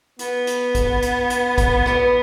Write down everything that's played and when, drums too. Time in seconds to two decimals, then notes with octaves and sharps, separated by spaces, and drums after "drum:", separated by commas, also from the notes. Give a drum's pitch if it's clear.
0.19 B3, drum: hi-hat
0.47 drum: hi-hat
0.75 drum: kick A#1, hi-hat
1.02 drum: hi-hat
1.30 drum: hi-hat
1.58 drum: kick A#1, hi-hat
1.86 B3, drum: rim click